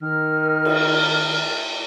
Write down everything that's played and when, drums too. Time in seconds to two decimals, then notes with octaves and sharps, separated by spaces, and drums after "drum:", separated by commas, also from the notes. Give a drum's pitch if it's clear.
0.02 D#3 A#4 F6
0.65 drum: cymbal